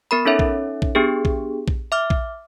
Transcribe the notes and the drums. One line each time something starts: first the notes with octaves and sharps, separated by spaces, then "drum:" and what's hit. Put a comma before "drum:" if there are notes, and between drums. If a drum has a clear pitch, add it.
B3 A#4 B5
C#4 D#4 A4 C#5 E5
drum: kick A#1
drum: kick A#1
B3 D4 G4 G#4
drum: kick A#1
drum: kick A#1
E5 D6 F6
drum: kick A#1